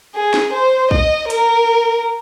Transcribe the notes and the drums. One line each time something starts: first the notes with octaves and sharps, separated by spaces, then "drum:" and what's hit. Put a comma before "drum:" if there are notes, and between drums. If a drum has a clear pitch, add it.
G#4
drum: snare
C5
D#5, drum: kick
A#4, drum: hi-hat